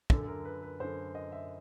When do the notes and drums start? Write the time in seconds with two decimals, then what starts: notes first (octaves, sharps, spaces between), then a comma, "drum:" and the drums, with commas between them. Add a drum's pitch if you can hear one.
0.10 F#2 D3 A4, drum: kick
0.28 A#4
0.45 B4
0.63 B4
0.80 F#2 D3 C5
1.15 D#5
1.32 E5